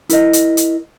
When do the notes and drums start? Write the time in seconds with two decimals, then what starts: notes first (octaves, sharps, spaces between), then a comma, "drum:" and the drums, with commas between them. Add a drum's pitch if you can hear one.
0.09 E4 A#4 D#5, drum: hi-hat
0.33 drum: hi-hat
0.57 drum: hi-hat